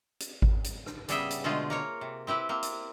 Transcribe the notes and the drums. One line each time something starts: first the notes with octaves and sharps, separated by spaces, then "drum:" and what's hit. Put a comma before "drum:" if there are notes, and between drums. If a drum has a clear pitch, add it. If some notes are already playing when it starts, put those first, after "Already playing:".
drum: hi-hat
drum: kick G#1
drum: hi-hat
drum: rim click
C#3 G3 B3 G#4 E5 G5, drum: hi-hat
drum: hi-hat
B2 D3 G#3 A3 F4 G#4
A#3 A#4 C#5
C3
C4 E4 G4 B4
A#3 C4
drum: hi-hat